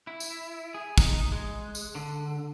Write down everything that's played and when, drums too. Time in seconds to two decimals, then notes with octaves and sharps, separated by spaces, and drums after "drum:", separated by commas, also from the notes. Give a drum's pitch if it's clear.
0.07 E4
0.20 drum: tambourine
0.74 G#4
0.98 D#4, drum: kick, tambourine
1.32 G#3
1.75 drum: tambourine
1.95 D3